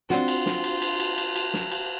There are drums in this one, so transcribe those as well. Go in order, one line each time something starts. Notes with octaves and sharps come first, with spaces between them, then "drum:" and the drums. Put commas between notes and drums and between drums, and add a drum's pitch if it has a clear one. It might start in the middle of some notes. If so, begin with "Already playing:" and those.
C4 D4 F4 F#4, drum: snare
drum: cymbal
drum: snare
drum: cymbal
drum: cymbal
drum: cymbal
drum: cymbal
drum: cymbal
drum: snare
drum: cymbal